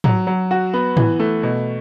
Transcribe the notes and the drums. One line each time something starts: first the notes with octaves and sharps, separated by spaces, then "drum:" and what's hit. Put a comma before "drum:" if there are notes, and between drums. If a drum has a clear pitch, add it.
F#3, drum: tom G#2
F#3
F#4
B3
E3, drum: tom G#2
A3
B2